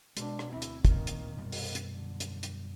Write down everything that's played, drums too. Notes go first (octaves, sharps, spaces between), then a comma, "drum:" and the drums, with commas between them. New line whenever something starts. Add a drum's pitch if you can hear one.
B2 G#3 D4, drum: hi-hat
drum: rim click
D2 C4 E4
drum: hi-hat
A#2 D#3, drum: kick, hi-hat
drum: hi-hat
F#2 B2 G3
drum: open hi-hat
drum: hi-hat
D3
drum: hi-hat
drum: hi-hat